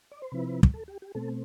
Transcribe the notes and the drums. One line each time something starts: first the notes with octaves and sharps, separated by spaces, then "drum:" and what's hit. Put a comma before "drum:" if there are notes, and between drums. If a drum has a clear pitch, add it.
D5
C5
C3 F3 C4 E4 B4
drum: kick
A4
G4
G4
B2 A3 C4 A4